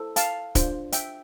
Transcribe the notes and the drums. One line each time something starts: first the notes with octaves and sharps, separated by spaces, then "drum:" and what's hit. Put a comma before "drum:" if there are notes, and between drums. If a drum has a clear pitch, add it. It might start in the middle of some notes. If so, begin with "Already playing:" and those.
Already playing: E4 A4 C5
F5 A5, drum: hi-hat
D4 F4 C5, drum: kick D1, hi-hat
E5 G5, drum: hi-hat